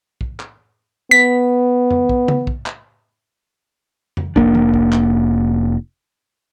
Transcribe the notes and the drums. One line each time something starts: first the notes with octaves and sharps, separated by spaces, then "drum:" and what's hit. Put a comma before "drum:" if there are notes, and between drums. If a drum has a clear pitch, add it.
drum: kick
drum: clap
B3 B6
drum: tom F2
drum: kick
drum: tom C#3
drum: kick
drum: clap
drum: tom F2
F1 G#2 A#3 D4, drum: kick
drum: tom E3
drum: kick
drum: clap